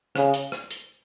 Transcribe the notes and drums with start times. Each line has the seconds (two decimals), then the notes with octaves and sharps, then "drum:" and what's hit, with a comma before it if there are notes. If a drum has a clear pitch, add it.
0.16 C#3, drum: rim click
0.34 drum: hi-hat
0.52 drum: rim click
0.71 drum: hi-hat